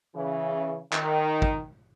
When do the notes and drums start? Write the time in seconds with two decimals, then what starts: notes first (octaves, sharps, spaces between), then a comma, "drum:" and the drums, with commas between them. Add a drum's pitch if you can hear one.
0.16 C#3 E3
0.93 D#3, drum: clap
1.42 drum: kick